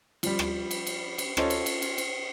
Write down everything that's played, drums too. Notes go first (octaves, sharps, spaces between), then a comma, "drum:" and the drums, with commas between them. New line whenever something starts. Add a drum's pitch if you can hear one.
F3 G3, drum: cymbal
drum: rim click
drum: cymbal
drum: cymbal
drum: cymbal
C#4 F4 A4 C5 C#5 D#5, drum: rim click
drum: cymbal
drum: cymbal
drum: cymbal
drum: cymbal